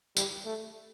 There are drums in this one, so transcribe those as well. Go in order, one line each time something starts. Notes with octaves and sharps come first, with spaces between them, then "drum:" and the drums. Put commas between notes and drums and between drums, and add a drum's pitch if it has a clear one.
G3, drum: tambourine
A3